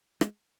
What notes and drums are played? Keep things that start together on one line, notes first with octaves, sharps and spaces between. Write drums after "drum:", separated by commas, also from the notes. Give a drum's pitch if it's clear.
G#3, drum: rim click